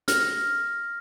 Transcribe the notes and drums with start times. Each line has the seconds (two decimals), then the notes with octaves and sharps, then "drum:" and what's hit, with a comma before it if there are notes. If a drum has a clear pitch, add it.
0.08 F6 A#6, drum: hi-hat